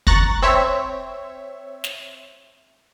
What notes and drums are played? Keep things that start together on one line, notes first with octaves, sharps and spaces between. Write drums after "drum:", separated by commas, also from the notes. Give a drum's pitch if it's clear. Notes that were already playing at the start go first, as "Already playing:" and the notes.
A#5 C#6 F#6 A6 A#6, drum: kick
C4 C#5 E5
drum: snare